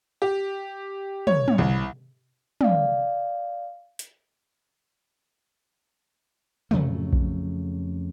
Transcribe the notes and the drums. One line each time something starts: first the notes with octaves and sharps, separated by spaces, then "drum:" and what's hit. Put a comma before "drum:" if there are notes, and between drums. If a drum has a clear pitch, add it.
G4
C#5, drum: tom
drum: tom
C2
D5 F5, drum: tom
drum: hi-hat
F2 C#3 F#3 A3, drum: tom
drum: kick A#1